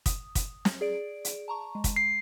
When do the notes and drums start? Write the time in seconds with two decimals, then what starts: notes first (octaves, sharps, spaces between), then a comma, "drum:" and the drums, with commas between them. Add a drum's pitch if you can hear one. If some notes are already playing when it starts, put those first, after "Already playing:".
0.06 D#6, drum: kick, hi-hat
0.35 drum: kick, hi-hat
0.65 drum: snare
0.81 G#4 D5 D7
1.25 drum: hi-hat
1.48 A5 A#5 C#6
1.75 G#3
1.84 drum: kick, hi-hat
1.96 C7